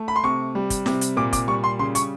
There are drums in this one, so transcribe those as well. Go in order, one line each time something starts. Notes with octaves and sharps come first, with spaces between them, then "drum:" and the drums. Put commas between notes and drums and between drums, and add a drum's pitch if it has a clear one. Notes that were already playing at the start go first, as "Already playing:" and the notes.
Already playing: A3
B5
C6
C3 C#6
G3
drum: kick, hi-hat
C3, drum: snare
drum: hi-hat
A#2 D6
D6, drum: kick, hi-hat
G3 C#6
C6
C#3 C6
C#6, drum: hi-hat